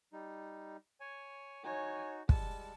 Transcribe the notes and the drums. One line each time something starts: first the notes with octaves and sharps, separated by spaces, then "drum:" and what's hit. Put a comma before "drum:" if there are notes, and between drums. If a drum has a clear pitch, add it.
G3 D#4
C#5 G#5
D#4 F#4 C#5 G#5
G3 G#3 A5, drum: kick